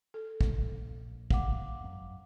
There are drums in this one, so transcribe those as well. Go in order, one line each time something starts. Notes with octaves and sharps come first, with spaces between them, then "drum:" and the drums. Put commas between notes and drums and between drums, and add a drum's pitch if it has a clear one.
A4
drum: kick
A#1
F5 F#5 D6, drum: kick
G#1 F#2 F#3